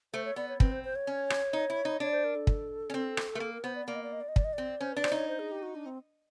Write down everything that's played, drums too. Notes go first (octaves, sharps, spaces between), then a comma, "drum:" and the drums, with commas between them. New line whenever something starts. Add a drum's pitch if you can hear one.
A3 C5
C#5
B3 D5
C#5
C4 B4, drum: kick
C5
C5
C#5
C#4
drum: rim click
D#4
E4
D#4
D4 C#5
C5
A#4
A4
drum: kick
C#4
C4
drum: rim click
A3 A#4
A#3 A4
A#4
B3 C5
D5
A#3 D5
D#5
D5
D#5
D5
D#5
D5, drum: kick
D#5
C4 D5
C#4 C5
D4 B4
C5, drum: rim click
D#4 C#5
C5
G#4
G4
F#4
D4
C4